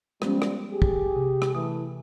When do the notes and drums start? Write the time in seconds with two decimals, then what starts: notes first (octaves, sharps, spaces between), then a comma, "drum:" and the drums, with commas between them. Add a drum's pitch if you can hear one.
0.22 F3 G3 G#3 B3 C#4, drum: rim click
0.42 drum: rim click
0.72 G4 G#4
0.82 drum: kick
1.16 C3
1.42 drum: rim click
1.55 E3 A3 D#6